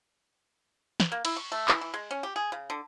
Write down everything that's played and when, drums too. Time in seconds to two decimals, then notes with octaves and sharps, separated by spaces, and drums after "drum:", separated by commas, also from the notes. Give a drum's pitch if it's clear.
1.00 drum: snare
1.12 A#3
1.25 E4, drum: cymbal
1.36 C#6
1.52 A3
1.68 E3, drum: clap
1.81 E3
1.94 G#3
2.11 C#4
2.23 G4
2.36 G#4
2.52 C#3
2.70 D3